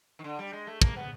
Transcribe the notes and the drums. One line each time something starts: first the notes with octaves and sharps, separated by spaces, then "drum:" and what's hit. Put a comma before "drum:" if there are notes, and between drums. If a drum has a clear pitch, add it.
D#3
D3
G3
G#3
A3
A#3, drum: kick
B3